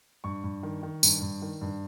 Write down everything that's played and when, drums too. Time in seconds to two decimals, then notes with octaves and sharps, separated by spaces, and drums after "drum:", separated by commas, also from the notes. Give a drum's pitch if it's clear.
0.24 G2 C#6
0.44 G2
0.63 D#3
0.83 D#3
1.03 G2, drum: tambourine
1.22 G2
1.42 D#3
1.61 G2